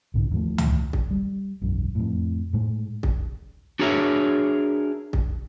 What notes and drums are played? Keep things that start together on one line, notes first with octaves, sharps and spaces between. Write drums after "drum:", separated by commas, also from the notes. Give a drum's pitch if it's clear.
B1 G#2 C#3
D#2 F3 A3
drum: tom C#2
drum: kick
G3
E1 B1 F#2
F2 A2
A2 G#3
drum: kick
D4 F#4 G#4 A#4 C#5 E5
drum: kick